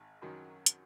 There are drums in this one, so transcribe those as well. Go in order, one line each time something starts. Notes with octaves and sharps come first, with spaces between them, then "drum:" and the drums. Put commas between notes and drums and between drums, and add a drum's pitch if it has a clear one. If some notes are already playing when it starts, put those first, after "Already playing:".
Already playing: G#1
F#2 D#3 F#3
drum: hi-hat